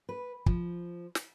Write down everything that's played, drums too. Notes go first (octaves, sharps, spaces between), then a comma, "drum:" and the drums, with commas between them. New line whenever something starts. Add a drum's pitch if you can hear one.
B4
F3, drum: kick
drum: snare